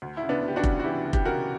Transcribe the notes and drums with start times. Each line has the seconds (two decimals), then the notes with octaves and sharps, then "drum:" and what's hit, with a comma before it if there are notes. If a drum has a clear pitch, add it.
0.02 D2
0.17 E4
0.22 C#3
0.29 B3 D4
0.43 D2
0.48 G4
0.56 D4 F#4
0.64 C#3, drum: kick F1
0.79 F#4
0.84 E3 E4 G4
1.05 D2
1.13 G4, drum: kick F1
1.25 C#3 F#4 A#4